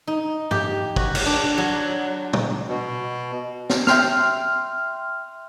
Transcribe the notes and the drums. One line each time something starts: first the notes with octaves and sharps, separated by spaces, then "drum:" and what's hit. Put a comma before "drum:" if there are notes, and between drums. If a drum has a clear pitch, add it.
D#4
G4, drum: tom G2
F#4, drum: kick
drum: cymbal
D4
F#3
drum: tom
B2
drum: snare
E5 G5 C6 F6, drum: snare